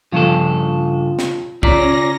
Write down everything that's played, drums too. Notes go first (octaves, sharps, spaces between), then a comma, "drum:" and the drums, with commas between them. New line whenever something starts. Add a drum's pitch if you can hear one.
G2 C#3 F3 A4
drum: snare
C#3 C#4 F4 D5 A#5 A#6 B6, drum: kick C2